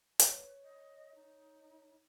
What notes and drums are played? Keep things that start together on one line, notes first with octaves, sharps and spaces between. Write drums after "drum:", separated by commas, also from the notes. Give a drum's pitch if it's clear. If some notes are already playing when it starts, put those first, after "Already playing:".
B4 C#5, drum: hi-hat
D#5
D#4